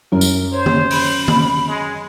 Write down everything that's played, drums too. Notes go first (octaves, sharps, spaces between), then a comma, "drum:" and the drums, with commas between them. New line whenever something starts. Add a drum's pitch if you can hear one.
F#2 A#4
drum: tambourine
C5 C#5
drum: tom D#3
B5, drum: open hi-hat
drum: tom D#3
G#3